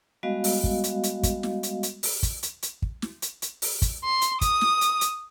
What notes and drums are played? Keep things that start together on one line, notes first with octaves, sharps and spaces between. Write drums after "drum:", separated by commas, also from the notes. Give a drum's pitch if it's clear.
G3 G#3 B3 F#4 D#5 F5
drum: open hi-hat
drum: kick
drum: hi-hat
drum: hi-hat
drum: kick, hi-hat
drum: snare
drum: hi-hat
drum: hi-hat
drum: open hi-hat
drum: kick, hi-hat
drum: hi-hat
drum: hi-hat
drum: kick
drum: snare
drum: hi-hat
drum: hi-hat
drum: open hi-hat
drum: kick, hi-hat
C6
drum: hi-hat
D#6, drum: kick, hi-hat
drum: snare
drum: hi-hat
drum: hi-hat